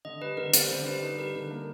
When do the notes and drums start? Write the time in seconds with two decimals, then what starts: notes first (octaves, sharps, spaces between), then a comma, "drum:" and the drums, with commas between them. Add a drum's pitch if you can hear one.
0.05 D3 D#5
0.21 G3 B4
0.37 D3 A#4
0.54 G3 C5, drum: hi-hat
0.70 D3
0.86 G3 B4
1.02 D#4 B4
1.18 G3 A#4
1.35 D3 A#4
1.51 A#3